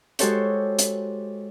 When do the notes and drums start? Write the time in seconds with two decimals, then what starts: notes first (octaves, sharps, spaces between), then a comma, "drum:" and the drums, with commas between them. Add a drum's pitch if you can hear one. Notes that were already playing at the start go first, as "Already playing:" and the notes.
0.19 G#3 F#4 G4 A4 C5 C#5, drum: hi-hat
0.79 drum: hi-hat